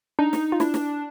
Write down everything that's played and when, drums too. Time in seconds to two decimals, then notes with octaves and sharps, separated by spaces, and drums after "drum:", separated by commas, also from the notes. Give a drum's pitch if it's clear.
0.19 D4 D#4
0.33 drum: snare
0.52 F4
0.60 D4 E4, drum: snare
0.74 drum: snare